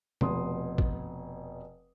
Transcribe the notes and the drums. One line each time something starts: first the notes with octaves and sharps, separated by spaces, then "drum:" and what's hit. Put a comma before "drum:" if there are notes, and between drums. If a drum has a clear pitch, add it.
F1 B2 C6 D#6, drum: tom B2
drum: kick